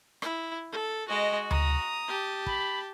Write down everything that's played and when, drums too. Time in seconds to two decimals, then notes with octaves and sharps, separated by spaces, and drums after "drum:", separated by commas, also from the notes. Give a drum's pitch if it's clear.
0.22 E4, drum: rim click
0.72 A4
1.09 G#3 F#4 D#5
1.51 A#5 D#6, drum: tom D2
2.08 G4 A5
2.47 B5, drum: kick